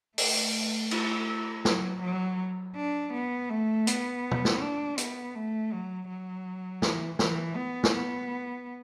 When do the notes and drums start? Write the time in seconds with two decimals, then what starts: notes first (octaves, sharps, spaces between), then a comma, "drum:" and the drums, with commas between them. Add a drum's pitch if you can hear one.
0.18 A3, drum: open hi-hat
0.91 drum: cymbal
1.65 F#3, drum: snare
2.02 F#3
2.76 D4
3.13 B3
3.50 A3
3.87 B3, drum: hi-hat
4.31 drum: tom
4.45 drum: snare
4.61 D4
4.98 B3, drum: hi-hat
5.35 A3
5.72 F#3
6.08 F#3
6.82 E3, drum: snare
7.19 E3, drum: snare
7.55 B3
7.83 drum: snare
7.93 B3